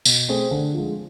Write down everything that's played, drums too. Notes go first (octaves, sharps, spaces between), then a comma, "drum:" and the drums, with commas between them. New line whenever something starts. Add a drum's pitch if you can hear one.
B2, drum: tambourine
A3 C4 G#4 C5
D3
F3 G#3